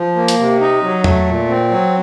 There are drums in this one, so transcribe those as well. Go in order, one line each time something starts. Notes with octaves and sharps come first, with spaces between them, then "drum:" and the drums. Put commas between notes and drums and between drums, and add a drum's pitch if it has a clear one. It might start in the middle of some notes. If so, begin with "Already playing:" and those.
Already playing: F3
A#3
drum: hi-hat
C3
D#4
F#3
A3, drum: tom E2
A#2
C4
F#3